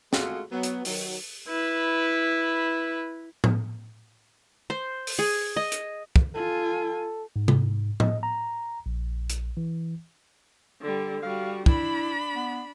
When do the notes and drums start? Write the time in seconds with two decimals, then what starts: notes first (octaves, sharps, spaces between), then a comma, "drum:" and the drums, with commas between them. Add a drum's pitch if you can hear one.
0.13 G#3 A3 F4 F#4 G#4 A4, drum: snare
0.52 F#3 B3
0.63 drum: hi-hat
0.85 D#3 F#3, drum: open hi-hat
1.48 E4 B4
3.44 drum: tom A2
4.70 C5
5.07 drum: open hi-hat
5.19 G#4
5.57 D#5
5.72 drum: hi-hat
6.16 drum: kick
6.35 F4 A4 G#5
7.36 G#2
7.48 drum: tom C3
8.00 D#5, drum: tom A2
8.23 A#5
8.86 A#1
9.30 drum: hi-hat
9.57 E3
10.81 D3 G3
11.23 G3 F#4 F5
11.66 D4 E4 B5, drum: kick
12.36 B3